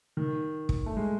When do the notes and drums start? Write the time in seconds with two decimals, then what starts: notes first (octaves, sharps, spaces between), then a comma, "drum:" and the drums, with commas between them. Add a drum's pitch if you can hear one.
0.17 D#3
0.69 drum: kick
0.86 A3
0.97 G#3